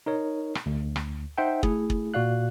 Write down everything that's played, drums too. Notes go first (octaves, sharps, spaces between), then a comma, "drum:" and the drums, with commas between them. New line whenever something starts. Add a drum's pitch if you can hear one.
D#4 A#4 C#5
drum: rim click
D2
drum: rim click
D#4 C5 E5 F#5 G5
A3 E4 G#4, drum: kick
drum: kick
A#2 F#4 D5 F5 F#6